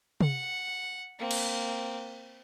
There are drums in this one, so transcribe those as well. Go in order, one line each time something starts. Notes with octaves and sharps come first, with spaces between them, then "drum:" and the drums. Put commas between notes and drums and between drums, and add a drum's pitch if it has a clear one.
F#5, drum: tom C3
A#3 C4
drum: cymbal